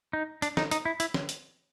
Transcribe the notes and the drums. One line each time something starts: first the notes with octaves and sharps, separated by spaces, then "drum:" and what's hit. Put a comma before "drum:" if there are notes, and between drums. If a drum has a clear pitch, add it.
D#4
D4, drum: hi-hat
D#4, drum: snare
D#4, drum: hi-hat
E4
E4, drum: hi-hat
drum: snare
drum: hi-hat